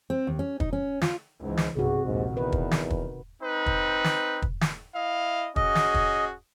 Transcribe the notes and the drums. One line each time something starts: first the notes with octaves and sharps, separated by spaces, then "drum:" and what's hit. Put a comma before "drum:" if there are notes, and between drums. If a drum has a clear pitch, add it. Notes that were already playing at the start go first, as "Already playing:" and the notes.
C4
D#2
C#4
D#4, drum: kick
C#4
F4, drum: snare
C#2 G#2 E3
drum: snare
B1 G2 C3 F#4 G#4
A#1 D#2 G#2
E2 D#3 B4
drum: kick
drum: snare
drum: kick
C4 D#4 B4
drum: kick
drum: snare
drum: kick
drum: snare
E4 D#5 F5
C#4 F#4 G#4 D#5, drum: kick
drum: snare
drum: kick